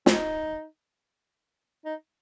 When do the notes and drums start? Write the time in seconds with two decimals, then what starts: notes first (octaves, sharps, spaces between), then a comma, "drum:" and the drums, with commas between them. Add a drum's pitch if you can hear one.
0.06 C#4, drum: snare
0.12 D#4
1.85 D#4